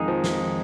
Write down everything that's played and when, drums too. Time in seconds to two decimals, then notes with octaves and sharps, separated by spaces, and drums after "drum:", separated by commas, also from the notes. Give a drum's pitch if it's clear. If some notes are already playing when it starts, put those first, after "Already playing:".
Already playing: F2 D#3 G#3 D#4 G#4
0.08 F3
0.24 drum: snare